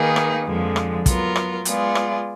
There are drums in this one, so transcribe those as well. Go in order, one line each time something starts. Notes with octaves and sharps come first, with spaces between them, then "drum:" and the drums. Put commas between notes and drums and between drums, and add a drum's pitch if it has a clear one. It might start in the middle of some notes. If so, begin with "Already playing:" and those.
Already playing: D#3 A#3 D#4 G#4 B4
drum: rim click
F2 D3 F3 G#3
drum: rim click
F#3 B3 F4 A#4, drum: kick, hi-hat
drum: rim click
G#3 B3 F4 G#4 D5, drum: hi-hat
drum: rim click